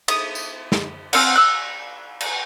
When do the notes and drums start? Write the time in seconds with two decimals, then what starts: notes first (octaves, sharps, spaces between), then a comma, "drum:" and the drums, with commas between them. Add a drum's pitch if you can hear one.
0.08 D#6, drum: cymbal
0.35 drum: tambourine
0.72 drum: snare
1.13 C4 F5 F#5, drum: cymbal
1.36 E6 F#6
2.21 drum: cymbal